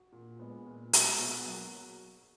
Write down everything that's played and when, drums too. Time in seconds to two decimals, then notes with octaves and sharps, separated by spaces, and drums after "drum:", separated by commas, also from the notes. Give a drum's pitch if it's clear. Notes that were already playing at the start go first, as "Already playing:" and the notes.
Already playing: F#4
0.12 A#2
0.39 G#3 B3
0.67 A#2
0.93 G#3 B3, drum: hi-hat
1.19 B2 F#4
1.28 G#4
1.38 F#4
1.46 F#3 A#3